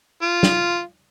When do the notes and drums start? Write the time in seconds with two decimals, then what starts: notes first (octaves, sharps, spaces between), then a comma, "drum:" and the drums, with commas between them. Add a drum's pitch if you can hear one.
0.22 F4
0.43 drum: snare